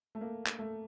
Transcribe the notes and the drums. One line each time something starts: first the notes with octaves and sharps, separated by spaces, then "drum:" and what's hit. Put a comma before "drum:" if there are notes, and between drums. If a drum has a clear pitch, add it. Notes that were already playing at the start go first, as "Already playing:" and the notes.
A3
A#3
drum: clap
A3